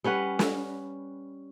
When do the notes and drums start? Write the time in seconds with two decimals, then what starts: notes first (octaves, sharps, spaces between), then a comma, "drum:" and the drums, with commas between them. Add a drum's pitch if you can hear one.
0.04 G3 C#4 B4 F#5
0.39 drum: snare